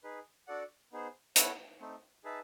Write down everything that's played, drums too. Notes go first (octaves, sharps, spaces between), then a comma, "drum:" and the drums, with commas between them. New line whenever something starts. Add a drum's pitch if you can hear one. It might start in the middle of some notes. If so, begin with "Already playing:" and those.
D#4 G#4 B4
D4 F#4 A4 D5 F#5
B3 D#4 G#4 C5
B3 E4 A4 C#5 F#5, drum: hi-hat
A3 C4 D#4
D#4 G#4 B4 E5 A5